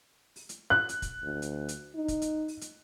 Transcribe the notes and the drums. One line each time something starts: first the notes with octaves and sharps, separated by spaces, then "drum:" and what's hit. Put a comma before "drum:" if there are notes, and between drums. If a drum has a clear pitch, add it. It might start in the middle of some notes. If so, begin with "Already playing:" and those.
drum: open hi-hat
drum: hi-hat
F#6
drum: hi-hat
drum: kick, hi-hat
D2
drum: hi-hat
drum: hi-hat
D#4
drum: kick, hi-hat
drum: hi-hat
drum: open hi-hat
drum: hi-hat